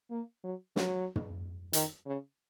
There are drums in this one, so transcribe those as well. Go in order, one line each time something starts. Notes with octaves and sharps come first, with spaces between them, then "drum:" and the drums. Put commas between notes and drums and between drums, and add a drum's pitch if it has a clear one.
A#3
F#3
F#3, drum: snare
drum: tom
D#3, drum: hi-hat
C#3